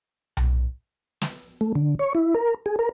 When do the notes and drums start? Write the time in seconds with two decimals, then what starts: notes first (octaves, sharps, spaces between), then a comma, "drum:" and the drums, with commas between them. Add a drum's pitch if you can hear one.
0.37 drum: tom B1
1.22 drum: snare
1.61 A3
1.75 D3
1.99 C#5
2.15 E4
2.34 A#4
2.66 G#4
2.79 A#4